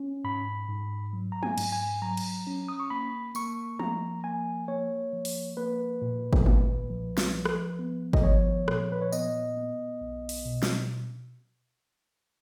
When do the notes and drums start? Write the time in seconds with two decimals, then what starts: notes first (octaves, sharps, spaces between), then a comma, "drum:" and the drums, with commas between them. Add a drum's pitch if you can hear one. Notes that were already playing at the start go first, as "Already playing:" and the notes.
Already playing: C#4
0.24 G#2 B5
0.68 G#2
1.13 F#3
1.32 A#5
1.43 G#5, drum: tom
1.58 G#2, drum: cymbal
1.73 G#5
2.02 F#3 A#5
2.17 drum: cymbal
2.47 C#4
2.68 D#6
2.80 C#6
2.90 A#3 B5
3.35 A#3 C#6, drum: tambourine
3.80 F3 A#5, drum: tom
4.24 A#3 G#5
4.68 A#3 C#5
5.13 F3
5.25 drum: open hi-hat
5.57 A#3 B4
6.02 A#2
6.33 drum: kick G#1
6.46 B1, drum: tom
6.90 F3
7.18 drum: snare
7.35 F3
7.45 drum: rim click
7.79 B3
8.13 D#5, drum: kick G#1
8.23 F3 C#5
8.68 A#2, drum: rim click
8.92 B4
9.02 C#5
9.13 B3 D#5, drum: tambourine
9.57 B3
10.01 B1
10.29 drum: open hi-hat
10.45 B2
10.63 drum: snare